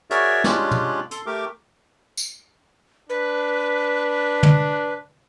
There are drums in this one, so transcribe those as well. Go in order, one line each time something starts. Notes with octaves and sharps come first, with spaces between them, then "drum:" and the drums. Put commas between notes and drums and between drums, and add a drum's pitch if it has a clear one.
F#4 G#4 A#4 C#5 D5 E5, drum: hi-hat
G#3 C#4 D4 F4 G4 F#6, drum: snare
drum: tom
A4 C6, drum: hi-hat
A3 G4 A#4 D6
drum: tambourine
D4 B4
drum: tom